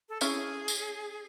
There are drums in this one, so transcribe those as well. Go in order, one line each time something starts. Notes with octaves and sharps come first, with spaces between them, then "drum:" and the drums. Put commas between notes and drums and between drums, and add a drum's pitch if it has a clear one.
A4
C#4 E4 G#4, drum: tambourine
drum: tambourine